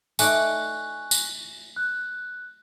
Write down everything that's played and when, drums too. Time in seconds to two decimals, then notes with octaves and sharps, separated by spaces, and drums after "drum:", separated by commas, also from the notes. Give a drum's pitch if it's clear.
0.19 A3 D#4 D5 G#5 C#6 F#6, drum: tambourine
1.11 drum: tambourine
1.76 F#6